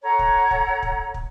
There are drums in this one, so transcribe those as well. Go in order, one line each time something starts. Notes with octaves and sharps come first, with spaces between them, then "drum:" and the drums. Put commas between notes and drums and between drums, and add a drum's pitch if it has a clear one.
A4 C#5 F#5 A#5
drum: kick
drum: kick
drum: kick
drum: kick